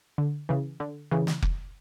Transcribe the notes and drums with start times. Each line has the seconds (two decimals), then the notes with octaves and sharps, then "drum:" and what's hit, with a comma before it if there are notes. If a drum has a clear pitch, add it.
0.18 D3
0.49 C#3 E3
0.80 D3
1.11 C#3 E3
1.27 drum: snare
1.42 drum: kick F1